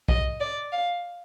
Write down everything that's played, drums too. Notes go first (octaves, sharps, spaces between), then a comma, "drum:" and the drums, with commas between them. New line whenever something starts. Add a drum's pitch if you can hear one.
D#5, drum: kick
D5
F5